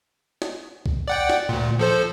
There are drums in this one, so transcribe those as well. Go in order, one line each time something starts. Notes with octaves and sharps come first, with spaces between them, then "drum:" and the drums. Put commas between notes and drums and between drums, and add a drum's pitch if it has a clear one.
drum: snare
drum: kick C2
D5 F#5 G5
drum: snare
D2 A#2
F3 A4 C5